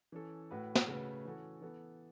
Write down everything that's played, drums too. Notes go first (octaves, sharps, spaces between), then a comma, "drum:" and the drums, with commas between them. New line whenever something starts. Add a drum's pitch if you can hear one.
E3 C#4 A4
A2 A3 F#4 B4
drum: snare
C#3 A3 F#4 B4
E3 C#4 F#4 A4
E3 B3 A4